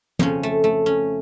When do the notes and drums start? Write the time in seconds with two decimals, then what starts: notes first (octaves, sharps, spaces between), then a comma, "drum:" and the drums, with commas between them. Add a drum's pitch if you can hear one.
0.19 F2 C#3 F3 C#4, drum: tom
0.43 A3
0.64 A3
0.86 C#4